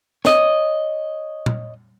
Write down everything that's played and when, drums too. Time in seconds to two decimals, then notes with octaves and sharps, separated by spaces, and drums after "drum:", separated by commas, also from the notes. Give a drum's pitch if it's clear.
0.25 C#5 D#5, drum: snare
1.46 drum: tom